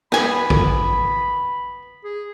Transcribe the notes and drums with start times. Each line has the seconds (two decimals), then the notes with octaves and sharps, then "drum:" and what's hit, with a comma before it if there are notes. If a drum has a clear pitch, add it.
0.12 B3 G#5 B5, drum: snare
0.50 drum: kick A1
2.04 G#4